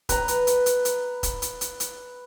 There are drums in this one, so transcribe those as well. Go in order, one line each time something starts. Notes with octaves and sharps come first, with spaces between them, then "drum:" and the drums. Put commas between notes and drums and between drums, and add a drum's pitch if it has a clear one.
B4 A#5, drum: kick E1, hi-hat
drum: hi-hat
drum: hi-hat
drum: hi-hat
drum: hi-hat
drum: kick E1, hi-hat
drum: hi-hat
drum: hi-hat
drum: hi-hat